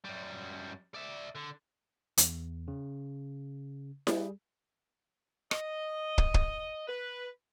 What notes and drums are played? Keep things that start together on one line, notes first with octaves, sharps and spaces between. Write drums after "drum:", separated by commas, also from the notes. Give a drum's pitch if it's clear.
F#2 G3
D5 E5
D3
E2, drum: hi-hat
C#3
G3 G#4, drum: snare E4
D#5, drum: rim click
drum: kick
drum: kick
B4